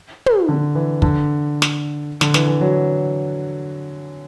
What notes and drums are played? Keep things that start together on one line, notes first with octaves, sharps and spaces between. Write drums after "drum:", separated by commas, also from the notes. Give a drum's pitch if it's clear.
drum: tom
D3
E3
D3, drum: kick
drum: snare
D3, drum: snare
E3, drum: snare
E3
F#3